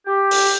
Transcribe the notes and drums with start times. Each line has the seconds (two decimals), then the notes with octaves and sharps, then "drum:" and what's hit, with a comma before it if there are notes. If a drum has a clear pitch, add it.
0.06 G4
0.31 drum: open hi-hat